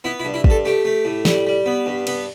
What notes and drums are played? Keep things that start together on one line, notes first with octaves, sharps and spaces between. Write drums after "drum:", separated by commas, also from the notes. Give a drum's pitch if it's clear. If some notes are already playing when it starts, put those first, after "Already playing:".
B3 E4
E4
G2
E4
G2, drum: kick
A4
A3 G4
A3
A2
G3, drum: snare
G3
B3
G2
B3, drum: cymbal